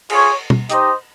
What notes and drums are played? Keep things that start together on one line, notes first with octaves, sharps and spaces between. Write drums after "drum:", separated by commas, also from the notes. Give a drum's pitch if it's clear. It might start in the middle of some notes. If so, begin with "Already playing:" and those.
F4 G#4 C#5, drum: cymbal
drum: tom
D#4 G4 C5 D#5, drum: hi-hat